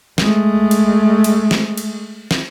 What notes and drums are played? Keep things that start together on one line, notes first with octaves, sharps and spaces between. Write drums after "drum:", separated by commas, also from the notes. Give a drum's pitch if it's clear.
G#3 A3, drum: snare
drum: cymbal
drum: cymbal
drum: snare
drum: cymbal
drum: snare